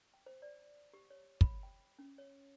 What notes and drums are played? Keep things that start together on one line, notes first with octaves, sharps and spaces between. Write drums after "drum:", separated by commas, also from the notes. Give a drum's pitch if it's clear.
G5
C5
D5
G4
C#5
B5, drum: kick
G5
C#4
C#5